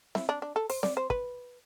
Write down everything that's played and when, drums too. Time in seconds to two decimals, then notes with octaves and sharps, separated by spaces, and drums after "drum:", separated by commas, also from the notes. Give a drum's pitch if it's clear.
0.15 E4, drum: snare C4
0.29 D4
0.42 D4
0.56 A4
0.70 C5, drum: open hi-hat
0.83 D5, drum: snare C4
0.97 C5
1.10 B4, drum: kick